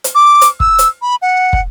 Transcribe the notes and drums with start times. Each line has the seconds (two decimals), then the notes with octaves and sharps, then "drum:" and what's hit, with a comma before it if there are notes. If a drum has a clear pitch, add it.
0.04 drum: hi-hat
0.15 D6
0.41 drum: hi-hat
0.60 E6, drum: kick
0.79 drum: hi-hat
1.02 B5
1.22 F#5
1.53 drum: kick